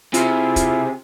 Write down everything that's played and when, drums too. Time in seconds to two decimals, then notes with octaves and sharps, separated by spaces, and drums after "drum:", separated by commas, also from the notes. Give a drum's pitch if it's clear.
0.14 C3 E4 F4 G#4, drum: hi-hat
0.56 drum: kick, hi-hat